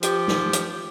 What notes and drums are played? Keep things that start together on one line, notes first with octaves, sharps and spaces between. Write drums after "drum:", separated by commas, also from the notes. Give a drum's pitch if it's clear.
F3 G4, drum: hi-hat
drum: snare
drum: hi-hat